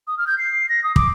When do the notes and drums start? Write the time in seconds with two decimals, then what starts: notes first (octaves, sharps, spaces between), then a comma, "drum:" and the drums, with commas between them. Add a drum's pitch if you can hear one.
0.07 D#6
0.18 F6
0.27 G6
0.38 C7
0.69 A#6
0.84 D#6
0.96 D6, drum: kick